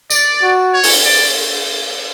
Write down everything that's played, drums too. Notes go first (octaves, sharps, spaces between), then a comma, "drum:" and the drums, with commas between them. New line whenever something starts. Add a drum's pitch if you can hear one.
D5, drum: tambourine
F#4
C#5
drum: open hi-hat
D5